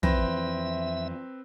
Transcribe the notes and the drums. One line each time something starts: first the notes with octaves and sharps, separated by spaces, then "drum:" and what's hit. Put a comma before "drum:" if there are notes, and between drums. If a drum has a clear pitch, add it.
F2 E3 F3 C4 B4 E5 A#6, drum: tom